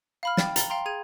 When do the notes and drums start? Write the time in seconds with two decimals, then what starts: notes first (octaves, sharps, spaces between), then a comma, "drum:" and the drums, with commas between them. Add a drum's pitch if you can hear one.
0.23 F5 B5 F6
0.37 G5 A6, drum: snare
0.56 A#5 A6 F#7 G7, drum: hi-hat
0.70 F5 G5 A#5 C6
0.86 G#4 G#6 D#7